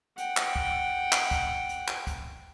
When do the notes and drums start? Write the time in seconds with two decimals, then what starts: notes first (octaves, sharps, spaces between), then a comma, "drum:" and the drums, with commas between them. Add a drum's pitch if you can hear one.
0.18 F#5 G5, drum: hi-hat
0.37 drum: clap
0.56 drum: kick
1.12 drum: clap
1.31 drum: kick, hi-hat
1.69 drum: hi-hat
1.88 drum: clap
2.07 drum: kick, hi-hat